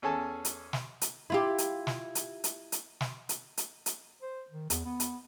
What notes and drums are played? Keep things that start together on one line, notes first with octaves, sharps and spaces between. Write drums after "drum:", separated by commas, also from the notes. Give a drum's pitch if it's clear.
E2 C#4 G#4 A4 G#5 A5
drum: hi-hat
drum: snare
drum: hi-hat
E4 F4 G4
drum: hi-hat
drum: snare
drum: hi-hat
drum: hi-hat
drum: hi-hat
drum: snare
drum: hi-hat
drum: hi-hat
drum: hi-hat
C5
D#3
E2, drum: hi-hat
B3
drum: hi-hat